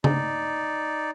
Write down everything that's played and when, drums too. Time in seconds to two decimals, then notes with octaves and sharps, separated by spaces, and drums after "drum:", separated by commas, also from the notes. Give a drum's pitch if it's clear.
0.04 D#4 D5, drum: tom C#3